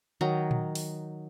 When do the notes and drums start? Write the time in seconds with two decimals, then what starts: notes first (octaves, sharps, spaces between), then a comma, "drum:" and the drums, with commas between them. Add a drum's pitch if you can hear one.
0.21 D#3 F#3 D#4 A#5
0.51 drum: tom A#2
0.75 drum: open hi-hat